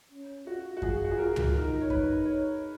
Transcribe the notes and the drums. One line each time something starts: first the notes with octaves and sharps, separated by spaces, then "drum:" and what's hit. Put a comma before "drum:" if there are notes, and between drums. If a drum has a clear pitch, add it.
C#4
F4 F#4
F#4
F4 G#4, drum: kick F#2
F#4
G#4
F4 A#4
drum: tom
D#4 A#4
C#5
B4, drum: kick F#2
C#5